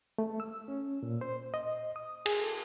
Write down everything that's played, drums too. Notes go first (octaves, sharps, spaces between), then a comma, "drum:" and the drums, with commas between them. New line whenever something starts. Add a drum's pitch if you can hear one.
A3
E6
C#4
A#2
C5
D#5
D#6
G#4, drum: cymbal
A4